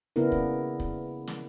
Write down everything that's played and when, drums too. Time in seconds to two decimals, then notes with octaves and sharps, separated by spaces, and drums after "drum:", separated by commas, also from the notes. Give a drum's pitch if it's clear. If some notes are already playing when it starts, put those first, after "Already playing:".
0.16 C#3 A#3 B3 D4 E4 A#4
0.32 drum: kick
0.80 drum: kick
1.27 drum: snare